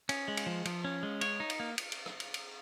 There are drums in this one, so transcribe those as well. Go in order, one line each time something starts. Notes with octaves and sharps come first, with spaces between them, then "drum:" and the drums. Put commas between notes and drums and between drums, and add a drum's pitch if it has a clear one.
C#4, drum: cymbal
G#3
drum: cymbal
F3
F3, drum: cymbal
C#4
G#3
C#5, drum: cymbal
D#4
drum: cymbal
A#3
drum: cymbal
drum: cymbal
drum: rim click
drum: cymbal
drum: cymbal